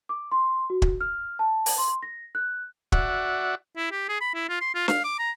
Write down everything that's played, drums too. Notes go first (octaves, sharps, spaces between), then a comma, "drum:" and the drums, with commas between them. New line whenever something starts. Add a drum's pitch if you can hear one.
D6
C6
F#4
drum: kick
F6
A5
drum: open hi-hat
C6
A#6
F#6
F#4 D5 E5 F#5, drum: kick
E4
G4
G#4
B5
E4
F4
C6
F4
F5, drum: snare
D6
A#5